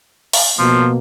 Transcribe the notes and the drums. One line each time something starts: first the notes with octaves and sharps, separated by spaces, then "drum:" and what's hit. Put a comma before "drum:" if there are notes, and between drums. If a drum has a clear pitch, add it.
drum: open hi-hat
B2 F3 A#3